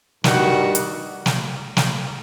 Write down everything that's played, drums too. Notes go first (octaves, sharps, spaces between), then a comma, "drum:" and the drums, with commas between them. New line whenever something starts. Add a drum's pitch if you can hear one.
G2 D#3 G3 F#4, drum: snare
drum: hi-hat
drum: snare
drum: snare